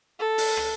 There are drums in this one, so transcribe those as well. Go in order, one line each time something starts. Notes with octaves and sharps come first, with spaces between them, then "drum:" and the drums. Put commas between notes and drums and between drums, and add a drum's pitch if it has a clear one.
A4
drum: open hi-hat
drum: rim click